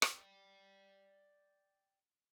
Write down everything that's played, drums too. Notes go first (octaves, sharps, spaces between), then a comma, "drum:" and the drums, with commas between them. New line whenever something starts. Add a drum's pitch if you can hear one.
D5 G5, drum: rim click